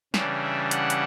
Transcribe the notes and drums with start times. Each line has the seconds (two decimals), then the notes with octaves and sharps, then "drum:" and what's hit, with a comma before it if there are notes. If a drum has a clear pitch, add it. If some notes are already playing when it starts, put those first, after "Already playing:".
0.14 C#3 E3 G3 D4, drum: snare
0.42 E5
0.71 F#5, drum: hi-hat
0.90 drum: hi-hat